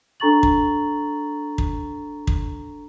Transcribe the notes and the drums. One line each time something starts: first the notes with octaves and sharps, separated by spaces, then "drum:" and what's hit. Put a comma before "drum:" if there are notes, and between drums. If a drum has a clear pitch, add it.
D4 A4 A#5 C#6 A6 F#7
drum: kick
drum: kick
drum: kick